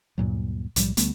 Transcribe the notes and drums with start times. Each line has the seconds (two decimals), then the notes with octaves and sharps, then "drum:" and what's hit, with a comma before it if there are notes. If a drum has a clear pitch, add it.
0.18 D2 G2 A#2 F#3
0.76 B1 A2 F3 G3, drum: hi-hat
0.97 D2 G3 A3 B3, drum: hi-hat